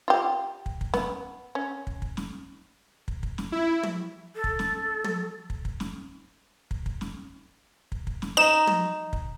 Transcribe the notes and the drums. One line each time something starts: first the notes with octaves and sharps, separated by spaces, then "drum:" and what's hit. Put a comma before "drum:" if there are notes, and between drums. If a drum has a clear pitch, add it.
F4 G4
drum: kick
drum: kick
B3, drum: snare
C#4
drum: kick
drum: kick
drum: snare
drum: kick
drum: kick
drum: snare
E4
drum: tom
A4
drum: kick
drum: snare
drum: tom
drum: kick
drum: kick
drum: snare
drum: kick
drum: kick
drum: snare
drum: kick
drum: kick
drum: snare
D#4 E7
drum: tom
drum: kick